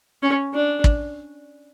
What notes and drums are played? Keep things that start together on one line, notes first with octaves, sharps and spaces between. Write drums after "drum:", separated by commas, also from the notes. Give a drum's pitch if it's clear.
C#4
D4
drum: kick